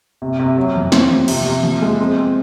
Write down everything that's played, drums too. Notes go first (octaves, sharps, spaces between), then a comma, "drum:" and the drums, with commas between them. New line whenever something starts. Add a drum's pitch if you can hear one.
C3
C3
F#3
F2
C4, drum: snare
F3
C3, drum: cymbal
C3
F3
G#3
C4
C4